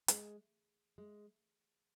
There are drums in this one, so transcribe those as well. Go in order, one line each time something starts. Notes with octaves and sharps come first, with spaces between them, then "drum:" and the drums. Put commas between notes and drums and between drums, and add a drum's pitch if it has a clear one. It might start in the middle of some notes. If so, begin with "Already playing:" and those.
G#3, drum: hi-hat
G#3